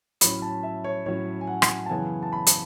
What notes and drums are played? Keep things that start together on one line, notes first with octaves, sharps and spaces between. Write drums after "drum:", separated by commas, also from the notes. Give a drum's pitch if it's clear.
A2 F#3 C#4 B5, drum: hi-hat
A5
E5
C#5
A2 F#3 C#4 C#5
G#5
F#5
drum: rim click
A5
F#2 C#3 E3 B3 G#5
A5
B5
drum: hi-hat